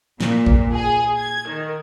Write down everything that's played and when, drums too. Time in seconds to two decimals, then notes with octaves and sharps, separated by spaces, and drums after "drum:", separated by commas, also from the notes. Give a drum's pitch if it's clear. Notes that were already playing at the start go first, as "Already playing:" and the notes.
0.21 A#2, drum: snare
0.46 drum: kick
0.73 G#4
1.17 G#6
1.48 D#3